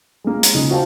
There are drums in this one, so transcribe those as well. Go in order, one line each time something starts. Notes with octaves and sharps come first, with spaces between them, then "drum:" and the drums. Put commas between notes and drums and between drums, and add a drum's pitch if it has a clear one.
G#3 A#3
drum: hi-hat
C#3 D#4
F#4 C5 F5 G5 A5